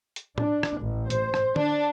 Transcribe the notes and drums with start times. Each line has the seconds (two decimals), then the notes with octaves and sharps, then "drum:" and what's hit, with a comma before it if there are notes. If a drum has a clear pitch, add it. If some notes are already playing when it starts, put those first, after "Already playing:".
0.16 drum: hi-hat
0.38 D4, drum: tom
0.63 drum: rim click
0.79 A1
1.10 C5, drum: hi-hat
1.34 drum: rim click
1.56 D4, drum: tom